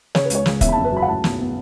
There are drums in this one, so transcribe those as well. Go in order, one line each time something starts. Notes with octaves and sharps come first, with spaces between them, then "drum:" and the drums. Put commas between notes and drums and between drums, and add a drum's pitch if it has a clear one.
C#3 C#5, drum: snare
B4
C#2 C#5, drum: hi-hat
C#2, drum: snare
E2 E5, drum: kick, hi-hat
B5
F#1 A5
B4
F#3 B5
F#5
A2 A5
B1, drum: snare
B3